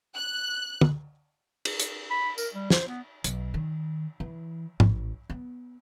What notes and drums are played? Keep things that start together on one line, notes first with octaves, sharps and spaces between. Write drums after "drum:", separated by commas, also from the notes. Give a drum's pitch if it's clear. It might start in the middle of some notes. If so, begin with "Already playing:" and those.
F#6
drum: tom
drum: cymbal
drum: hi-hat
B5
A#4, drum: tambourine
G3
C5, drum: snare
B3
B1, drum: hi-hat
D#3
E3
A1, drum: tom
B3